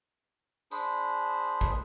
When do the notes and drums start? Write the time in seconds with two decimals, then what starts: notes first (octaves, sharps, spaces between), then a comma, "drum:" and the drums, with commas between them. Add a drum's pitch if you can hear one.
0.71 D4 G#4 C5 B5, drum: tambourine
1.61 drum: kick